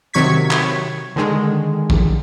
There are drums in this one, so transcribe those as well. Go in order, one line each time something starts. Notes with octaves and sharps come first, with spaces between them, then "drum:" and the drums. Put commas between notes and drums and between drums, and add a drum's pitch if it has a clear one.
C3 D#3 F#3 C#6 G#6 B6
drum: clap
D3 D#3 G#3
drum: kick